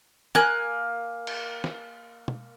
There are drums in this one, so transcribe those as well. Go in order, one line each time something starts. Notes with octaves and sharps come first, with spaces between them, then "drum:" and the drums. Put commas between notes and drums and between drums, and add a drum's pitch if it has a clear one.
A#3 G#5 F#6, drum: snare
drum: cymbal
drum: snare
drum: tom